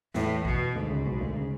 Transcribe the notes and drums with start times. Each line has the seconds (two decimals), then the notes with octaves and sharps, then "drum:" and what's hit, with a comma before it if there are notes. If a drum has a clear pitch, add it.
0.14 E2 A2 E3, drum: snare
0.45 B2, drum: kick A1
0.75 D2 G#2 D3
0.90 C#2 C#3
1.06 B1 B2
1.21 D2 D3
1.36 C#3